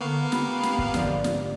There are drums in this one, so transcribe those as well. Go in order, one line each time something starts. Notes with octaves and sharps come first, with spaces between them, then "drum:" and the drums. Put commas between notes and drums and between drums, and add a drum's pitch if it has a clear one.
D3 A#3 B3 F5 C#6
G4 B5, drum: snare
drum: snare
drum: kick
G#2 D3 F3 D5, drum: snare
drum: snare